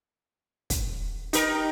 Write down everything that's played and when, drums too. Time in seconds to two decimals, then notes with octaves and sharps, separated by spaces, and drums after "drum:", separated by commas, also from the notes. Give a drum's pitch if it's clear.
0.70 drum: kick, hi-hat
1.33 D#4 G4 A#4, drum: hi-hat